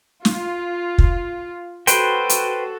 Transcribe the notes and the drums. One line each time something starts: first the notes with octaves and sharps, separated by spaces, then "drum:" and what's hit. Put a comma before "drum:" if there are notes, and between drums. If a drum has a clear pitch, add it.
F4, drum: snare
drum: kick
F#4 A4 B4 C5 G5, drum: hi-hat
drum: hi-hat